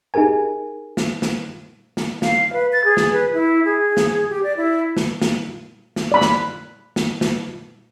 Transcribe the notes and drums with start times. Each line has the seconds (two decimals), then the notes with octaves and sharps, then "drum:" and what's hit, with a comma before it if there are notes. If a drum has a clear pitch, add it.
0.14 D#4 G4 G#4 A#4 G#5
0.97 drum: snare
1.22 drum: snare
1.97 drum: snare
2.22 F5, drum: snare
2.53 B4
2.73 A6
2.85 G#4
2.97 drum: snare
3.13 B4
3.33 E4
3.65 G#4
3.97 drum: snare
4.30 G4
4.43 D5
4.57 E4
4.97 drum: snare
5.22 drum: snare
5.96 drum: snare
6.12 D5 B5
6.21 drum: snare
6.96 drum: snare
7.21 drum: snare